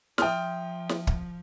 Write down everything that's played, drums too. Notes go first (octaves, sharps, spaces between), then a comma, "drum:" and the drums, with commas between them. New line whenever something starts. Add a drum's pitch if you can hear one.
F3 E5 G5 C6 D#6 F6, drum: snare
drum: snare
drum: kick